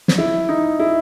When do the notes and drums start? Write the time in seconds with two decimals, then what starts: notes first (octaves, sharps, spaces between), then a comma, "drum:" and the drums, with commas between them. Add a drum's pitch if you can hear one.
0.08 drum: snare
0.18 E4
0.49 D#4
0.79 E4